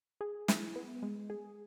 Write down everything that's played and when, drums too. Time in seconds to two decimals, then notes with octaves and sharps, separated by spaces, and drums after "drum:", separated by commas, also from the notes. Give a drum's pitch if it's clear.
0.21 G#4
0.48 E4, drum: snare
0.76 B3
1.03 G#3
1.30 G#4